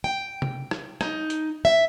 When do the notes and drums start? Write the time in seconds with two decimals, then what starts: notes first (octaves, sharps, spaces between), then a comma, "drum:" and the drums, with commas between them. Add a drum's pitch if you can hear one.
0.04 G5
0.42 drum: tom C3
0.71 drum: rim click
1.01 D#4, drum: rim click
1.30 drum: hi-hat
1.65 E5